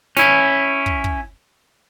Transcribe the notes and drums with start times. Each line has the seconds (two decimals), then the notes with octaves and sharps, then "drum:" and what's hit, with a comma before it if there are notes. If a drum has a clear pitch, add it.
0.17 C#4 E4, drum: snare
0.86 drum: kick
1.04 drum: kick